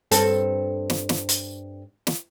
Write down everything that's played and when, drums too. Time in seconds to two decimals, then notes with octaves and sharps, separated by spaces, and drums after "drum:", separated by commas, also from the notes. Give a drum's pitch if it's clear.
0.11 G2 C4 A4, drum: hi-hat
0.90 drum: snare
1.09 drum: snare
1.29 drum: hi-hat
2.07 drum: snare